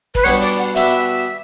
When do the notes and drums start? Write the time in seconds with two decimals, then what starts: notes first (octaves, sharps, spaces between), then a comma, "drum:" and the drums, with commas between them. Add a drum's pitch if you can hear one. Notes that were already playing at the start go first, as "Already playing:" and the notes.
0.15 B4, drum: kick
0.24 B2 G3 B3 D4 C#5
0.41 D5, drum: open hi-hat
0.59 F#5
0.75 B2 G3 B3 D4 E5